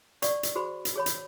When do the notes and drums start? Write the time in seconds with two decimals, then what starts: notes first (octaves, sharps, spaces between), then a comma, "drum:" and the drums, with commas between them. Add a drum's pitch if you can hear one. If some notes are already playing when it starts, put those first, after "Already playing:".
0.22 D5 F#5 C#6, drum: hi-hat
0.43 drum: hi-hat
0.55 F#4 G#4 C5 B5
0.85 drum: hi-hat
0.96 G#4 C#5 B5
1.06 drum: hi-hat